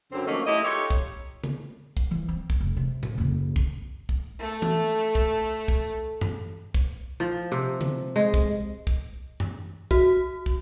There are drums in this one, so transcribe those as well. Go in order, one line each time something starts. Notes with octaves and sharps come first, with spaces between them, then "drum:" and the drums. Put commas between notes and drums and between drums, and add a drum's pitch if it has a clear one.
F#2 D3 F#3 C4
F3 F#3 A3 A#3 C#4 D#4
A3 E4 G4 D#5
D#4 F4 G4 A4 C#5
drum: kick
drum: tom C#3
drum: kick
E3 F3
C4
drum: kick
F1
C3
drum: tom A2
F#1 F2
drum: kick
drum: kick
A3 A4
drum: tom E3
drum: kick
drum: kick
drum: tom F#2
drum: kick
F3
C3
drum: tom C#3
G#3
drum: kick
drum: kick
drum: tom F#2
F#4, drum: kick
drum: kick